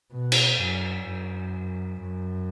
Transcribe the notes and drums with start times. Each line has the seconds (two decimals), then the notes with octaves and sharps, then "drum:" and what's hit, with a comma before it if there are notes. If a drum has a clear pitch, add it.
0.12 B2
0.32 drum: cymbal
0.59 F#2
1.07 F#2
2.02 F#2